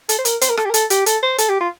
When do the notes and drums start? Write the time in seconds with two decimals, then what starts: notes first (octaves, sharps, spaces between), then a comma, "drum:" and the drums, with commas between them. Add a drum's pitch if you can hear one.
0.09 A4, drum: hi-hat
0.19 C5
0.25 A#4, drum: hi-hat
0.41 C5, drum: hi-hat
0.50 A#4
0.57 A4, drum: rim click
0.65 G4
0.70 A#4
0.74 A4, drum: hi-hat
0.90 G4, drum: hi-hat
1.06 A4, drum: hi-hat
1.23 C5
1.38 A4, drum: hi-hat
1.49 G4
1.60 F4